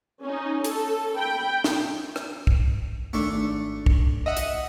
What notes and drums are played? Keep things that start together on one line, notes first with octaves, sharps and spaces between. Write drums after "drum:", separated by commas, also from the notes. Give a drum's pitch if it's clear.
C#4 D#4
A4, drum: hi-hat
G5 B5
drum: snare
drum: rim click
drum: kick
G#1 A3 D4 C#7
drum: kick
D#5 E5 F#5
drum: hi-hat